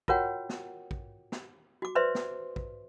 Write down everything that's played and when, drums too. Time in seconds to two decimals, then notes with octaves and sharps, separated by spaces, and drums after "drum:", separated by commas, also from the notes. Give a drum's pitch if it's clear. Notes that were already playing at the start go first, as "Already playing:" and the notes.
0.08 F4 F#4 A#4 C#5 F#5 G5, drum: kick
0.49 drum: snare
0.91 drum: kick
1.32 drum: snare
1.82 F#4 D6
1.95 B4 C5 D5 E5 C6
2.15 drum: snare
2.56 drum: kick